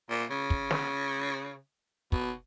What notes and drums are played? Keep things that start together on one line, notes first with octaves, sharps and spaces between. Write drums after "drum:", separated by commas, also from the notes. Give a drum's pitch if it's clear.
A#2
C#3
drum: kick
drum: snare
B2, drum: kick